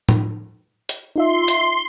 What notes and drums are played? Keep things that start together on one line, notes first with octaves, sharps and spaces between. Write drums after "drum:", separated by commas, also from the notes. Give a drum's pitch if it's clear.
drum: tom A2
drum: hi-hat
D#4 F4 E5 C6
drum: hi-hat